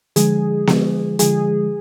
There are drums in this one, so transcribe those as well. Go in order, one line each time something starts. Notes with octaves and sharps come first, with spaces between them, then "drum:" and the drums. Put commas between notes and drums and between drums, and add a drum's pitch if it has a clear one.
D3 F3 G#3 G#4, drum: hi-hat
D3 F3 G#3, drum: snare B3
D3 F3 G#3 G#4, drum: hi-hat